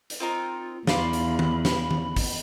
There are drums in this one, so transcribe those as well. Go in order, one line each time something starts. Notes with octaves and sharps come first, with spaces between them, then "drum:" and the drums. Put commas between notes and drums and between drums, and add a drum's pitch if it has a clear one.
drum: hi-hat
C4 D#4 F4 A#4
E2 F4 D5 B5 C6, drum: snare
drum: hi-hat
drum: tom D#3
drum: snare
drum: tom D#3
drum: kick, open hi-hat